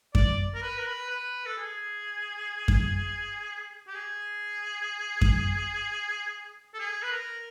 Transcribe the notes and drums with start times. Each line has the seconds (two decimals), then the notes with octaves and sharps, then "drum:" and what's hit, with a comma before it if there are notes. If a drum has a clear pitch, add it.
0.15 D5, drum: kick F#2
0.55 A#4
0.62 B4
0.78 A#4
0.87 B4
1.10 B4
1.46 A4
1.58 G#4
2.68 drum: kick F#2
3.87 G4
3.95 G#4
5.21 drum: kick F#2
6.74 A4
6.79 G#4
7.03 B4
7.12 A#4